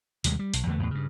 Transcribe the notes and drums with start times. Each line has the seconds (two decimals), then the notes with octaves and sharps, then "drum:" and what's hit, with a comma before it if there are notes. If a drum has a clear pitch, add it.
0.24 D#2 C3 G3 G#3, drum: hi-hat
0.39 G3
0.54 B1, drum: hi-hat
0.67 E2 D3 G3 A3
0.80 E2 A2
0.91 G2 C#3